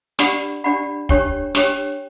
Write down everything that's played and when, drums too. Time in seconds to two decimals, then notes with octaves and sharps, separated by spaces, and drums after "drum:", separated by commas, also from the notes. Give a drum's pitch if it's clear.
0.19 D4 G4 D5 F#5 B5, drum: snare
0.64 D4 G4 D5 F#5 B5
1.09 D4 G4 C#5 G5, drum: kick
1.55 D4 G4 C#5 G5, drum: snare